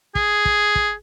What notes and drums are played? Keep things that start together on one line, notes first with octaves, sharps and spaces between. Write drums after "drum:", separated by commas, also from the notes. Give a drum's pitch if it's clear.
G#4, drum: kick
drum: kick
drum: kick